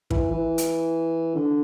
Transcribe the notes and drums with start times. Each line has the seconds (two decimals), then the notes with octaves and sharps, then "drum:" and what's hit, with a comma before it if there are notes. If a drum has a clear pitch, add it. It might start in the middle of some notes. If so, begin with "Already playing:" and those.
0.11 E3, drum: kick
0.31 E3
0.58 drum: hi-hat
1.35 D3